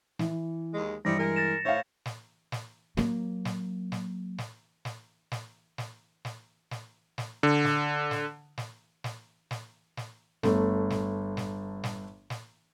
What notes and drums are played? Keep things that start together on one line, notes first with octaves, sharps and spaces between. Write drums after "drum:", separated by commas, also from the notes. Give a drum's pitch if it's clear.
E3, drum: snare
D#2 G#3
G2 E3 G3 D#4 C5 A#6 C#7
G#3 A#4
A6 A#6 E7
A2 C5 C#5 E5 F5
drum: snare
drum: snare
F#3 A#3, drum: snare
drum: snare
drum: snare
drum: snare
drum: snare
drum: snare
drum: snare
drum: snare
drum: snare
drum: snare
D3
drum: snare
drum: snare
drum: snare
drum: snare
drum: snare
drum: snare
G1 A3, drum: snare
drum: snare
drum: snare
drum: snare
drum: snare